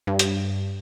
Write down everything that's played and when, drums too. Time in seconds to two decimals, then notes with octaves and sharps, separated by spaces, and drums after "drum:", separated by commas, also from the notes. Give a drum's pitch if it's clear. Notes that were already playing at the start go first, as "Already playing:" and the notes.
0.07 G2
0.19 drum: hi-hat